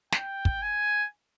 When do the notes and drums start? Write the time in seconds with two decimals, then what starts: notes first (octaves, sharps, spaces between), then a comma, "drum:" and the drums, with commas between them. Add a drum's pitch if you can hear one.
0.12 G5, drum: snare
0.45 drum: kick
0.62 G#5